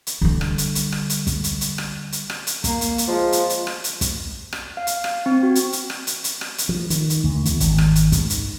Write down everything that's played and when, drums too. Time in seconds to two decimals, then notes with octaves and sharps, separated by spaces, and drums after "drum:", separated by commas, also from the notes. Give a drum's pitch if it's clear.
0.07 drum: hi-hat
0.21 D3 G3
0.41 drum: rim click
0.58 drum: hi-hat
0.75 drum: hi-hat
0.92 drum: rim click
1.10 drum: hi-hat
1.27 drum: kick, hi-hat
1.44 drum: hi-hat
1.61 drum: hi-hat
1.78 drum: rim click
2.12 drum: hi-hat
2.30 drum: rim click
2.47 drum: hi-hat
2.64 A#3, drum: kick, hi-hat
2.81 drum: hi-hat
2.98 drum: hi-hat
3.08 F3 G#3
3.32 drum: hi-hat
3.50 drum: hi-hat
3.67 drum: rim click
3.84 drum: hi-hat
4.01 drum: kick, hi-hat
4.53 drum: rim click
4.77 F5
4.87 drum: hi-hat
5.04 drum: rim click
5.26 C4
5.43 F#4
5.55 drum: hi-hat
5.73 drum: hi-hat
5.90 drum: rim click
6.07 drum: hi-hat
6.24 drum: hi-hat
6.41 drum: rim click
6.58 drum: hi-hat
6.69 F3
6.90 D#3, drum: hi-hat
7.10 drum: hi-hat
7.24 D2
7.45 E2, drum: hi-hat
7.60 G#1, drum: hi-hat
7.78 drum: rim click
7.95 drum: hi-hat
8.12 G#2, drum: kick, hi-hat
8.30 drum: hi-hat